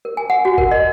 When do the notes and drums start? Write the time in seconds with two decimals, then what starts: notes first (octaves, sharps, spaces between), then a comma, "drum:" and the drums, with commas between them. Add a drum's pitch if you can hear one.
0.05 A#4
0.17 G#5
0.30 F#5
0.45 F#4
0.58 A#4, drum: kick G1
0.71 D#5